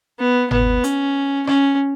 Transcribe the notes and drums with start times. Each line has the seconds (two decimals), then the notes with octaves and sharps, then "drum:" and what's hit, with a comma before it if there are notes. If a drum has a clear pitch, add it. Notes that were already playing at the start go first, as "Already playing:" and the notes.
0.19 B3
0.51 B3, drum: tom G1
0.84 C#4, drum: hi-hat
1.47 C#4, drum: rim click